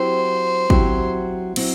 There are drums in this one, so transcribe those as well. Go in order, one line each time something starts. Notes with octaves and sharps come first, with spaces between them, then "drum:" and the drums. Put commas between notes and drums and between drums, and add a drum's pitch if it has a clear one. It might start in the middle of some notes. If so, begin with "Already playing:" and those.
Already playing: F#3 C4 E4 G4 C5
F#3 C4 E4 G4, drum: kick
F#3 C4 E4, drum: cymbal